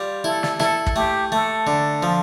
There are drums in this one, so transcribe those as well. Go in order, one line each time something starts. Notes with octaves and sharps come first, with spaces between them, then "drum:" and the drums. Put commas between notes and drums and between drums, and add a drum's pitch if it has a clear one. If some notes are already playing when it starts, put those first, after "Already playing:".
Already playing: G3 F4
E4 A4
drum: snare
E4 A4, drum: snare
drum: kick
A3 G4
A3 A4
D3
F3